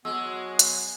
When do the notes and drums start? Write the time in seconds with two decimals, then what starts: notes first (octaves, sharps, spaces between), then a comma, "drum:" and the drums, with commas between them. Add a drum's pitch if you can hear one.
0.05 F#3 G#3 B3 E6
0.59 drum: hi-hat